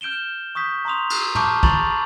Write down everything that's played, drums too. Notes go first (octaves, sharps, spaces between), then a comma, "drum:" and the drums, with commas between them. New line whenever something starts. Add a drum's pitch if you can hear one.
F6 G6 D7 E7 G7
C#6 D#6 G6 B6
A#5 C6 D#6 F7
drum: cymbal
A5 A#5 C#6 D6 F6 G6, drum: tom
A#5 B5 C#6 A6 F7 F#7, drum: kick